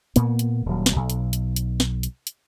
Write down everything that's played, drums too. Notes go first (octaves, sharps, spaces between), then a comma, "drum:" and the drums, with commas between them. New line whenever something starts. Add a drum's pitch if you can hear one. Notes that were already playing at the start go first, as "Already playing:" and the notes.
A#2 A#3 B3, drum: hi-hat
drum: hi-hat
D#1 F#3
drum: snare
B1
drum: hi-hat
drum: hi-hat
drum: hi-hat
drum: snare
drum: hi-hat
drum: hi-hat